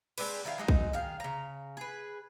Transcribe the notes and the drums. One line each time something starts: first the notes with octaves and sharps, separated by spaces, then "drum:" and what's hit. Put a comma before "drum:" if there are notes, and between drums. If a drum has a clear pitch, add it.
G#3 C4 D4 B4, drum: cymbal
D#3 E4 G#4 F5
F#3 G#3 D#4
drum: kick A#1
D#3 G#4 F5
C#3 A#5
G#4 B4